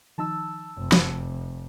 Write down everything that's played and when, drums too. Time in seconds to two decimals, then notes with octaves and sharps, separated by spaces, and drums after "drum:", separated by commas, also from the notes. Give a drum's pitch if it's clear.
0.18 D#3 F3 D#4 A5 E6
0.77 F1 F#2
0.92 drum: snare